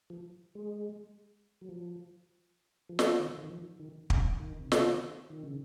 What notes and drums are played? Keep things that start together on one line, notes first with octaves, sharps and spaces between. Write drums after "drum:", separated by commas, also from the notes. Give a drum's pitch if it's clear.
F3
G#3
F#3
F3
F3
drum: snare
D#3
D#3
F3
D#3
C#3, drum: kick
D#3
C3
C#3, drum: snare
D#3
D#3
C#3